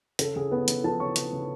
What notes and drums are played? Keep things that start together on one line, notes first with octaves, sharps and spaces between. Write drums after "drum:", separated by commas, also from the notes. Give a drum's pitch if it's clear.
C#3 A4, drum: hi-hat
C#3 G#4
C#3 B3 B4
C#3, drum: hi-hat
F3 A4 A5
C#3 C#5 C#6
C#3, drum: hi-hat
C#3